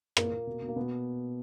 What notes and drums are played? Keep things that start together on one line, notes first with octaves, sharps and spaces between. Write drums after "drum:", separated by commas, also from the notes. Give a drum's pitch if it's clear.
A#2 A#3 A#4, drum: rim click
A#2
B2
B2
A#3
B2 B3